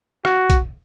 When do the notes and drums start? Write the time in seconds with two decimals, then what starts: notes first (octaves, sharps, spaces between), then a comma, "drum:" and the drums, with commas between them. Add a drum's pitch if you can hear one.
0.25 F#4, drum: rim click
0.50 drum: kick, hi-hat